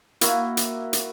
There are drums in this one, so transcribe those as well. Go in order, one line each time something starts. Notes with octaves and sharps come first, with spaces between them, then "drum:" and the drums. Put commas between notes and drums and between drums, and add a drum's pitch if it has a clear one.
A#3 E4 F#4, drum: hi-hat
drum: hi-hat
drum: hi-hat